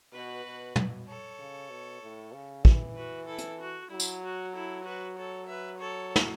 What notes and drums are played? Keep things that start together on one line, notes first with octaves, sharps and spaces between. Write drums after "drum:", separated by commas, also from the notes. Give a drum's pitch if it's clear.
B2 F#4 B4
B2
B2, drum: tom
A4 C#5
C#3
B2
A2
C#3
E3, drum: kick
F#4 B4
E4 A4
drum: hi-hat
F#4
F#3 E4
drum: tambourine
F#4
E4 A4
F#4 B4
A4 C#5
B4 E5
A4 C#5
drum: snare